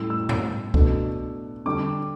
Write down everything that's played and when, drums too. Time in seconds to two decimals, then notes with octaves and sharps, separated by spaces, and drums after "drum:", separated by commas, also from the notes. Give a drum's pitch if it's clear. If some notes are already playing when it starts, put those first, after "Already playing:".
Already playing: A2 G3 C#4 E4 E6
0.10 E6
0.29 drum: tom
0.74 B2 A3 D4, drum: kick
1.66 D3 G3 D4 D6